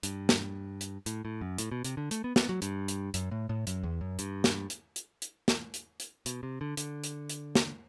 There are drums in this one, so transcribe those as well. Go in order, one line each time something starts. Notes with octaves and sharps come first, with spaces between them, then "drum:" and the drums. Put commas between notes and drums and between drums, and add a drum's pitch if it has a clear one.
G2, drum: hi-hat
drum: snare
drum: hi-hat
A2, drum: hi-hat
A2
F#2
A2, drum: hi-hat
B2
C3, drum: hi-hat
D3
A3, drum: hi-hat
B3
B3, drum: snare
F#3
G2, drum: hi-hat
drum: hi-hat
F#2, drum: hi-hat
A2
A2
F#2, drum: hi-hat
E2
F#2
G2, drum: hi-hat
drum: snare
drum: hi-hat
drum: hi-hat
drum: hi-hat
drum: snare
drum: hi-hat
drum: hi-hat
B2, drum: hi-hat
C3
D3
D3, drum: hi-hat
drum: hi-hat
drum: hi-hat
drum: snare